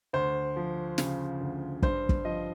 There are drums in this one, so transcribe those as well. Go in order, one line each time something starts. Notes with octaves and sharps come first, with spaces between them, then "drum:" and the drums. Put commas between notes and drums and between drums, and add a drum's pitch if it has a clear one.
D2 C5
F3
C#3, drum: snare
D2
G2 C5, drum: kick
drum: kick
F3 D#5